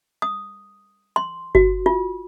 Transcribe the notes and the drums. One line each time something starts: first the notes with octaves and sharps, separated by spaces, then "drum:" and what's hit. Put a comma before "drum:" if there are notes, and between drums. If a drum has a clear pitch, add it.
D#6
C6
F#4, drum: kick G1
F4